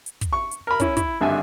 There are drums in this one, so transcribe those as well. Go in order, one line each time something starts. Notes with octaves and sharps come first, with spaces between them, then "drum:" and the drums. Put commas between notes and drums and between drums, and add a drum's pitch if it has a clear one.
drum: hi-hat
drum: kick, hi-hat
C#6
drum: hi-hat
A#4 B5
C#4 E4, drum: kick, hi-hat
E4, drum: kick, hi-hat
G#1 G2 D3 E5 G#5